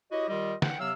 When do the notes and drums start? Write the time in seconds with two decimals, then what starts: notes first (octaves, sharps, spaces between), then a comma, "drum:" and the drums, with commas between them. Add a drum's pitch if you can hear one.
0.11 E4 F#4 G4 C#5 D#5
0.28 D#3 G3 F4 G4 D#5
0.62 F#5 G5, drum: snare
0.79 C3 F#3 B3 F5 E6